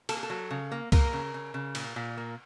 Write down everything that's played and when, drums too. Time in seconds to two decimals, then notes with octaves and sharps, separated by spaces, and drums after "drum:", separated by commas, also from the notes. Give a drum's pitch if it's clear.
0.09 A#3 A4, drum: cymbal
0.17 G#4
0.23 A4
0.30 F#3
0.51 C#3
0.72 A#3
0.92 A#3 A#4, drum: kick C2, cymbal
1.13 C#3
1.34 C#3
1.54 C#3
1.75 A#2, drum: cymbal
1.96 A#2
2.17 A#3